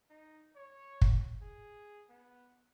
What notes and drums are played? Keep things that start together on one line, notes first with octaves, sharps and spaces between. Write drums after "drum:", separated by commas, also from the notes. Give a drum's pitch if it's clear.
D#4
C#5
drum: kick
G#4
B3